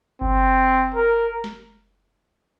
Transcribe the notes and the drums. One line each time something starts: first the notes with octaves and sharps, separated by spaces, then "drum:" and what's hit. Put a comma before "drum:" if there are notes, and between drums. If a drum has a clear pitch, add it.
C4, drum: kick G1
A#4
drum: snare